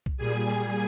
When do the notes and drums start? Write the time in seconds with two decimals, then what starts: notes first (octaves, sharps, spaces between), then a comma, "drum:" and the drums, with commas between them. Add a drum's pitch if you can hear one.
0.06 drum: kick B1
0.17 A#2 G3 G#4 G#5